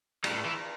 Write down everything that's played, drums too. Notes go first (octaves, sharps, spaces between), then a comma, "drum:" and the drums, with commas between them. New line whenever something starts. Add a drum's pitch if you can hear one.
A2 G3 G4, drum: cymbal
E3 E4